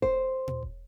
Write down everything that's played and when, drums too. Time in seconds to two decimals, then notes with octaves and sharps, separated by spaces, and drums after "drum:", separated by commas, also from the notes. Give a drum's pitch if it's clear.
0.02 C5, drum: kick E1
0.48 drum: tom
0.63 drum: kick E1